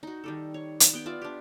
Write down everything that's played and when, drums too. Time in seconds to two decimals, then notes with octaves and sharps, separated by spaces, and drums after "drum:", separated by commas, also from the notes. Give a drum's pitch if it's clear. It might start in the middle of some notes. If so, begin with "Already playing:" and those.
0.03 D#4 F#4
0.24 D#3 G3 A4
0.54 C#5
0.80 drum: hi-hat
0.93 B3 G5
1.06 F4 D5 E5
1.22 D4 G4